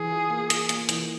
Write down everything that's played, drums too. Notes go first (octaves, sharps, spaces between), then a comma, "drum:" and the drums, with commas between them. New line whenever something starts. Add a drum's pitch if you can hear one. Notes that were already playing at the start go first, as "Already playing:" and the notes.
Already playing: E3 G#4
F4
A#3
F4, drum: hi-hat
A#3, drum: hi-hat
E3, drum: hi-hat